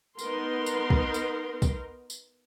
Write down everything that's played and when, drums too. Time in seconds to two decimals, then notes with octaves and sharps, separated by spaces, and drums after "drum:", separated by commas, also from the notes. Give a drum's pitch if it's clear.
0.19 B3 D#4 A#4 C6, drum: tambourine
0.66 drum: tambourine
0.90 drum: kick
1.14 drum: tambourine
1.62 drum: kick, tambourine
2.10 drum: tambourine